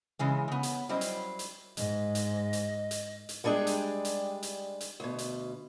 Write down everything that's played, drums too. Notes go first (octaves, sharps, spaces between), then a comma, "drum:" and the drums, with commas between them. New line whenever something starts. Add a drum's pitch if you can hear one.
C#3 E3 G#3
C#3 B3
drum: hi-hat
F#3 G3 C#4 E4 C5 D#5
drum: hi-hat
drum: hi-hat
G#2 D#5, drum: hi-hat
drum: hi-hat
drum: hi-hat
drum: hi-hat
drum: hi-hat
G3 G#3 D4 G4 G#4
drum: hi-hat
drum: hi-hat
drum: hi-hat
drum: hi-hat
D2 B2
drum: hi-hat